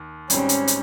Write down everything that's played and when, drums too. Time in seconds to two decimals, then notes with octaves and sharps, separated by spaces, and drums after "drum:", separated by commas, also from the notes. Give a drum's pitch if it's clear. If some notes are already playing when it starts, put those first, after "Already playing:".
Already playing: D#2
0.30 G#1 G#2 G3 C4 C#4, drum: hi-hat
0.49 drum: hi-hat
0.67 drum: hi-hat